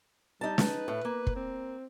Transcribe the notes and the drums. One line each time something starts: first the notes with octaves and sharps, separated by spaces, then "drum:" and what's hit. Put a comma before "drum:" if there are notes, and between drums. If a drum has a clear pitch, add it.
G3 D#4 A5
B4, drum: snare
A2
A#3
drum: kick
C4